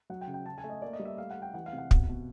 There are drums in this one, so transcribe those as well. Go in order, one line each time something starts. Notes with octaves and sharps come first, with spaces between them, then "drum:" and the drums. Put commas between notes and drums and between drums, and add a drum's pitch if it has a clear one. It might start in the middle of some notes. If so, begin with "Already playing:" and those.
F#3 F#5
G5
C#3
G5
C#3 A5
G#5
A3
D#5
A#3 D5
D#5
G3
E5
A3 F5
F#5
A3
G5
E3 F#5
F5
C3
F#5
B2, drum: kick
B2